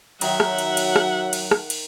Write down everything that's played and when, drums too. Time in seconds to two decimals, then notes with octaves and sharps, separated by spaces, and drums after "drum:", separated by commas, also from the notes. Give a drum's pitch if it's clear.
0.21 D#3 F#3 D#4 E5 F#5, drum: cymbal
0.40 drum: rim click
0.58 drum: cymbal
0.77 drum: cymbal
0.96 drum: rim click
1.33 drum: cymbal
1.51 drum: rim click
1.70 drum: cymbal